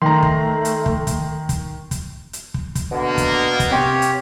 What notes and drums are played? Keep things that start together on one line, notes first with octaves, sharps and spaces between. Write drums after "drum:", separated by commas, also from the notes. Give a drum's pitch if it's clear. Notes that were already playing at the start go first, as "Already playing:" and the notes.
D#3 A3 A#5 C6
drum: kick
drum: hi-hat
drum: kick
drum: kick, hi-hat
drum: kick, hi-hat
drum: kick, hi-hat
drum: hi-hat
drum: kick
drum: kick, hi-hat
B2 D3 A#3 B3
drum: kick, hi-hat
drum: kick, hi-hat
C3 G4 C#5 G5 C6
drum: hi-hat